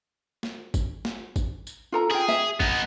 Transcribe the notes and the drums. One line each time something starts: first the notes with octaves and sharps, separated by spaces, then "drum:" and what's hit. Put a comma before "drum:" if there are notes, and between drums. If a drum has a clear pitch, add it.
drum: snare
drum: kick, tambourine
drum: snare
drum: kick, tambourine
drum: tambourine
F4 A4 A#5
F4 G#4 G5
E5, drum: snare
B3 D#4, drum: kick